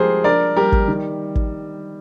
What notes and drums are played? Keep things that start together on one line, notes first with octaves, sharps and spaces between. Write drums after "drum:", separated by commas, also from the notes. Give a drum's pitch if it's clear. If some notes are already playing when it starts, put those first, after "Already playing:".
Already playing: F3 G#3 G4 G#4 A#4 C5
D4 A#4 D5
G3 G4 A#4
drum: kick
D#3
drum: kick